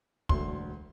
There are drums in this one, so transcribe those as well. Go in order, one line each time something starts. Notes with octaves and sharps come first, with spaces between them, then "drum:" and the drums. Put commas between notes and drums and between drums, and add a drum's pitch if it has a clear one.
E1 D2 D3 C6, drum: kick